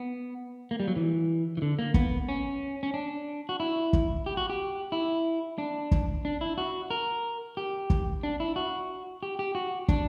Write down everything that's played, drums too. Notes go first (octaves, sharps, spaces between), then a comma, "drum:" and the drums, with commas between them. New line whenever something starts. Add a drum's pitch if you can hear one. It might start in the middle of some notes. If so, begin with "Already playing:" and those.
Already playing: B3
A#3
G3
F#3
E3
E3
D3
A#3
B3, drum: kick
C#4
C#4
D4
F#4
E4
drum: kick
G4
F#4
G4
E4
D4
drum: kick
D4
E4
F#4
A#4
G4
drum: kick
D4
E4
F#4
G4
G4
F#4
D4, drum: kick